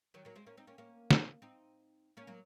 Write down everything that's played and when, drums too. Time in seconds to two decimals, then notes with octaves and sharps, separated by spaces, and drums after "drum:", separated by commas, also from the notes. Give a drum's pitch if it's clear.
0.14 D#3 F#3
0.25 F#3 A#3
0.36 G#3 C4
0.47 A#3 C#4
0.57 C4 D#4
0.67 A#3 C#4
0.78 A#3 C#4
1.11 drum: snare
1.42 C4 D#4
2.17 A#3 C#4
2.27 F#3 A#3